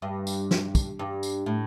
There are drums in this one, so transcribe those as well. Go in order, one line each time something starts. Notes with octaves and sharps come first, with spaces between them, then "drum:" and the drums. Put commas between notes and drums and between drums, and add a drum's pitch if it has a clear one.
G2
drum: tambourine
drum: snare
drum: kick, tambourine
G2
drum: tambourine
A2